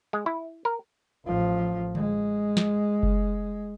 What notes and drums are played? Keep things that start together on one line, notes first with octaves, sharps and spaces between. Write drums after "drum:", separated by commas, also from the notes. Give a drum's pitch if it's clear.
G#3
E4
A#4
A1 F3
G#3, drum: tom D3
drum: snare
drum: kick F#1